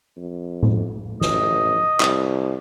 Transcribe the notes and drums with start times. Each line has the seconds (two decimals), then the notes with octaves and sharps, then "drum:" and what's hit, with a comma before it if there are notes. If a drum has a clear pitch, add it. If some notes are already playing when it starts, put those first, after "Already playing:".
0.17 F2
0.63 drum: tom A2
1.21 A1 D#5, drum: snare
2.00 C2, drum: clap